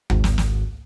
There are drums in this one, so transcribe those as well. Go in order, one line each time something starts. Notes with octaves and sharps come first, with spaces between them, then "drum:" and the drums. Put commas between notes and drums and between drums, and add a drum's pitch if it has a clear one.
G#1, drum: tom D2
drum: snare
drum: snare